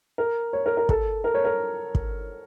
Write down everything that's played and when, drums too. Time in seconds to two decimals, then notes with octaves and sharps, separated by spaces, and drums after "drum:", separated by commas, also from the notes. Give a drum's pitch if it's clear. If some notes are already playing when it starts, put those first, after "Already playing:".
0.18 A#4
0.53 C#5
0.66 A#4
0.77 A#4
0.89 A4, drum: kick
1.24 A#4
1.34 C#5
1.45 A#4
1.95 drum: kick